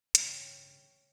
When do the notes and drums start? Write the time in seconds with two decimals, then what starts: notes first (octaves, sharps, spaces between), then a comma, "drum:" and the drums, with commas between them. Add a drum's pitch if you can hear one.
0.15 A1 G2 C#3 C#4 G5 A6 B6, drum: hi-hat